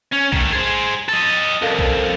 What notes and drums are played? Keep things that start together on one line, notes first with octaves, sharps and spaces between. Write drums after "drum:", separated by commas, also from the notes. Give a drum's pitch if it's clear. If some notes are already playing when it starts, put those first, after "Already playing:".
C#4
D#3 A3, drum: kick A#1
G#4 C5
A4 D#5
C2 F2 A4 A#4 F5
drum: kick A#1